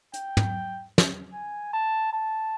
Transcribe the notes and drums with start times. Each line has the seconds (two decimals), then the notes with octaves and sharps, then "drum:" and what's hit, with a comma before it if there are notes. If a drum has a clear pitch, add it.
0.14 G5, drum: hi-hat
0.37 drum: tom
0.98 drum: snare
1.33 G#5
1.73 A5
2.13 A5